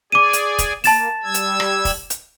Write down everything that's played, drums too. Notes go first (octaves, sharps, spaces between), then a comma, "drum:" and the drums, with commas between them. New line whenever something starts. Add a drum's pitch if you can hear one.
G#4 D5 G#5 D6 D#7
drum: hi-hat
drum: kick, hi-hat
A#3 A5 A6 E7, drum: open hi-hat
G3 E6 G#6
drum: hi-hat
drum: rim click
drum: kick, open hi-hat
drum: hi-hat